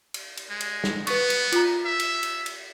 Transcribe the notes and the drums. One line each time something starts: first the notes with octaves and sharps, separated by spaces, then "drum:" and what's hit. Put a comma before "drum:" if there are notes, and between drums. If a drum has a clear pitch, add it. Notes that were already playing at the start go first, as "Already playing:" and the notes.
drum: cymbal
drum: cymbal
G#3
drum: cymbal
drum: snare
B3 B4 C#6, drum: cymbal
drum: cymbal
F4 A#5, drum: cymbal
E5
drum: cymbal
drum: cymbal
drum: cymbal